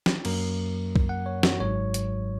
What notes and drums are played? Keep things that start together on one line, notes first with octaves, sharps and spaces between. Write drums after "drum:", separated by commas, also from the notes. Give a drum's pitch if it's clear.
drum: snare
F#2 F#3 A#3 A#4, drum: cymbal
drum: kick B1
F#5
C#5
F#4, drum: snare
G#1 G#2 F#3 C#5
drum: hi-hat